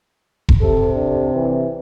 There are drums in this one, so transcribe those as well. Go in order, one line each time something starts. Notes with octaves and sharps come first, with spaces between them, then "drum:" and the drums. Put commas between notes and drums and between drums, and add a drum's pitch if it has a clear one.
drum: kick E1
C3 A4
D4
E3